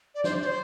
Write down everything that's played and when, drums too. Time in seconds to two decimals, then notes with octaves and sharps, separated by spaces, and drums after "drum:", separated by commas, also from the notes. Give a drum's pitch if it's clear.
0.15 D5
0.24 C5, drum: snare
0.42 D5
0.46 C5